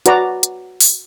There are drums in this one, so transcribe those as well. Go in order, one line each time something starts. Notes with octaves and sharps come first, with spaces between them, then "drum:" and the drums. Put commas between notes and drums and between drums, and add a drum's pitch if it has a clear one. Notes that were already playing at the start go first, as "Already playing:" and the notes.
F#4 B4 D5 A#5, drum: hi-hat
drum: hi-hat
drum: open hi-hat